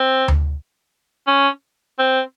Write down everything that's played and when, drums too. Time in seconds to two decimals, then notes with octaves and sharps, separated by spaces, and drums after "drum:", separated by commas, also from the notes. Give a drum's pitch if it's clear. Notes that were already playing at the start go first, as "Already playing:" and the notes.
Already playing: C4
0.28 drum: tom D2
1.27 C#4
1.99 C4